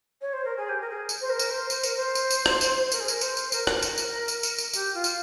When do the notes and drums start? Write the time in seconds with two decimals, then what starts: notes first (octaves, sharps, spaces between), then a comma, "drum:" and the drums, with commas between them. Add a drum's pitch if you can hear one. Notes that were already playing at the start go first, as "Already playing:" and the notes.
0.21 C#5
0.33 C5
0.44 A#4
0.56 G#4
0.69 G4
0.80 A#4
0.89 G#4
1.09 drum: tambourine
1.21 C5
1.29 A#4
1.39 drum: tambourine
1.50 C5
1.70 C5, drum: tambourine
1.83 A#4, drum: tambourine
1.96 C5
2.15 drum: tambourine
2.31 drum: tambourine
2.46 drum: rim click
2.61 drum: tambourine
2.92 A#4, drum: tambourine
3.00 G#4
3.08 A#4, drum: tambourine
3.21 C5, drum: tambourine
3.37 drum: tambourine
3.52 A#4, drum: tambourine
3.67 drum: rim click
3.82 drum: tambourine
3.98 drum: tambourine
4.28 drum: tambourine
4.43 drum: tambourine
4.58 drum: tambourine
4.73 G4, drum: tambourine
4.94 F4
5.04 drum: tambourine